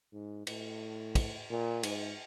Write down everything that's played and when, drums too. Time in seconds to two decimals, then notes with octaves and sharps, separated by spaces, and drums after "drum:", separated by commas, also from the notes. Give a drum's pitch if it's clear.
0.13 G#2
0.47 A2, drum: cymbal
1.15 drum: kick, cymbal
1.50 A#2
1.83 G#2, drum: cymbal